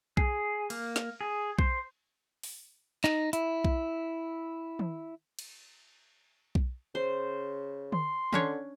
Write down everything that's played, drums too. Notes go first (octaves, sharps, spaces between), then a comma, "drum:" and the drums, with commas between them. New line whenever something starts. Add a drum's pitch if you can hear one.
G#4, drum: kick B1
A#3, drum: cymbal
drum: snare
G#4
C5, drum: kick B1
drum: open hi-hat
D#4, drum: clap
E4, drum: hi-hat
drum: kick B1
drum: tom D#3
drum: cymbal
drum: kick B1
C#3 C5
C6, drum: tom D3
D3 C#4 D4 C#5, drum: tom D#3